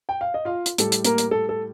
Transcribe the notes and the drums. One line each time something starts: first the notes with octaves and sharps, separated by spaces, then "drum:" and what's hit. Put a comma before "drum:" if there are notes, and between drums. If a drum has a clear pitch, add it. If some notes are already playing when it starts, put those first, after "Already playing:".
G5
F5
D#5
F4 F5
drum: hi-hat
A2 G3 A4, drum: hi-hat
drum: hi-hat
A#3 A#4, drum: hi-hat
drum: hi-hat
A4
A4